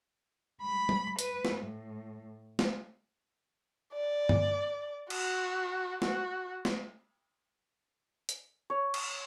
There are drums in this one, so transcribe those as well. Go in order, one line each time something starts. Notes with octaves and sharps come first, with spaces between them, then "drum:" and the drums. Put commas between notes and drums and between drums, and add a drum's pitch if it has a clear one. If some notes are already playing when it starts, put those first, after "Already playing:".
B5
drum: tom
B4, drum: hi-hat
drum: snare
A2
drum: snare
D5
drum: tom
F#4, drum: cymbal
F#4, drum: snare
drum: snare
drum: hi-hat
C#5
drum: cymbal